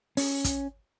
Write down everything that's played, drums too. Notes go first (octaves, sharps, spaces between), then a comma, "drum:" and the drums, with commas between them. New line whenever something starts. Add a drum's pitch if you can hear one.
C#4, drum: open hi-hat
drum: kick, hi-hat